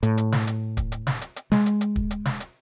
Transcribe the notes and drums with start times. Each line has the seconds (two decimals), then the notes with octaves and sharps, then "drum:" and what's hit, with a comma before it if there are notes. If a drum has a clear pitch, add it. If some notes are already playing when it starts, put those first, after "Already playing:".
0.03 A2, drum: hi-hat
0.18 drum: hi-hat
0.32 drum: snare
0.47 drum: hi-hat
0.77 drum: kick, hi-hat
0.92 drum: hi-hat
1.07 drum: snare
1.21 drum: hi-hat
1.36 drum: hi-hat
1.52 G#3, drum: snare
1.66 drum: hi-hat
1.81 drum: hi-hat
1.96 drum: kick
2.11 drum: hi-hat
2.25 drum: snare
2.40 drum: hi-hat